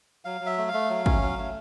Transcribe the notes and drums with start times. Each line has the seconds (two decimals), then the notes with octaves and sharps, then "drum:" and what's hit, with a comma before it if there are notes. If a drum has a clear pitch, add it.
0.25 F#3 F5
0.41 F#3
0.46 E5
0.58 A3
0.68 F5
0.73 A3
0.90 F#3
1.06 C#4, drum: kick
1.22 F#3
1.38 A3